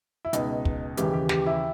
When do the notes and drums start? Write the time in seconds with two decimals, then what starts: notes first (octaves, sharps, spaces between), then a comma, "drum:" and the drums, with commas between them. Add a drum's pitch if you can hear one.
0.25 E4
0.33 C#2 B2 D#4, drum: hi-hat
0.65 drum: kick
0.97 D#2 C#3 E3 G4, drum: hi-hat
1.14 G4
1.29 G4, drum: snare
1.46 E4